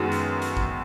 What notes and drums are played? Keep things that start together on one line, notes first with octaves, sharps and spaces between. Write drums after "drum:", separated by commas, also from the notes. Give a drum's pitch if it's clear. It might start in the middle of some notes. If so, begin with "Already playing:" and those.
Already playing: F#2 D#3 G#3 B3
drum: hi-hat
drum: hi-hat
drum: kick